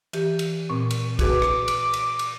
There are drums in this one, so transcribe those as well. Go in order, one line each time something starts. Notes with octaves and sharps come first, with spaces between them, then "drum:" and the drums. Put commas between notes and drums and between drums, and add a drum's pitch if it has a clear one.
E3 G4, drum: cymbal
drum: cymbal
A#2 C4 C#6
drum: cymbal
F#4 G#4 B4 D6, drum: kick, cymbal
drum: rim click
drum: cymbal
drum: cymbal
drum: cymbal